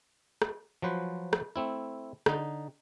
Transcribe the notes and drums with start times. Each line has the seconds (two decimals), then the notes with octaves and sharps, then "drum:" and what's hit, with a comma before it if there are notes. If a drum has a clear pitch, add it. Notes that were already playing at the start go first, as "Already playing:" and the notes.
0.42 drum: rim click
0.82 F3 F#3 B4 C5
1.33 drum: rim click
1.56 A3 C4 E4
2.26 D3 D#4, drum: rim click